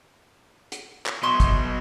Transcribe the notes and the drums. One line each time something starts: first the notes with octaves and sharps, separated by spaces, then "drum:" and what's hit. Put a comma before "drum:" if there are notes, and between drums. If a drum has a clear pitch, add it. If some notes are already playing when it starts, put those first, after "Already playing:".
drum: hi-hat
drum: clap
B2 F#3 D#5 E5 C6 C#6
drum: kick, hi-hat